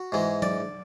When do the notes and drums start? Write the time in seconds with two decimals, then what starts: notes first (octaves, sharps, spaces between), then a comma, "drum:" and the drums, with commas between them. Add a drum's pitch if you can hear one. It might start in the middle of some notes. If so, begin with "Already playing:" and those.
Already playing: F#4
0.12 G#2 E3 G#3
0.42 D5, drum: tom F#3